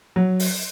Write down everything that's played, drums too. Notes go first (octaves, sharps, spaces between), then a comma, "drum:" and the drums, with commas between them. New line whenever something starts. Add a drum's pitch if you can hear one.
F#3
drum: open hi-hat